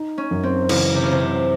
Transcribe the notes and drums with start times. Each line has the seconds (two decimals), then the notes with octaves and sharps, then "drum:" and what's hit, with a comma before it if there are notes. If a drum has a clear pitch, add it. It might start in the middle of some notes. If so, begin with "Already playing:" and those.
Already playing: D#4
0.18 C#4
0.31 F#2
0.43 C4
0.69 C#3 E3, drum: cymbal
0.94 C3
1.03 C#3
1.08 C3 C4
1.20 C3